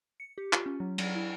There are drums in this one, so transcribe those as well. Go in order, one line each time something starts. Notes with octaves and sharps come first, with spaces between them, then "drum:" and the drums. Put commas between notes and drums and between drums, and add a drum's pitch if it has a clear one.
C#7
G4
F4, drum: clap
C#4
F#3
F#3, drum: cymbal
E4